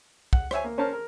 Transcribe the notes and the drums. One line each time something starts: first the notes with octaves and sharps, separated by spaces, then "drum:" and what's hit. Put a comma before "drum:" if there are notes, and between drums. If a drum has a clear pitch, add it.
F#5, drum: kick
C5 C#5 E5 G#5, drum: rim click
A#3
C#4 A#4 C5 C#5 A5
A#4